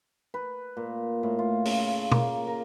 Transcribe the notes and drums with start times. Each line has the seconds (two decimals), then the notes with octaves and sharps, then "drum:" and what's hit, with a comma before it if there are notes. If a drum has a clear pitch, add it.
0.34 B4
0.77 A#2
1.23 A2
1.39 F4
1.65 C#3, drum: open hi-hat
2.12 A#3, drum: tom
2.47 A#4